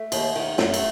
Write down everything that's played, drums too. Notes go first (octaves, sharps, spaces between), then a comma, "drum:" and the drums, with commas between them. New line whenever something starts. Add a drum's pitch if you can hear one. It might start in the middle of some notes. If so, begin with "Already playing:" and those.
Already playing: A3
D#2, drum: cymbal
D#3
F#2 A3, drum: snare
drum: cymbal